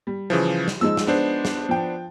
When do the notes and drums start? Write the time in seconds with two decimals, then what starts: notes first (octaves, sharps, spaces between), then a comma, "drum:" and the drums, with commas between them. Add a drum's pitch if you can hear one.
0.07 G3
0.30 C#3 E3 F3
0.68 drum: snare
0.81 F3 G#3 D#4 E6
0.97 drum: snare
1.07 B3 D4 C5
1.45 drum: snare
1.69 F3 G5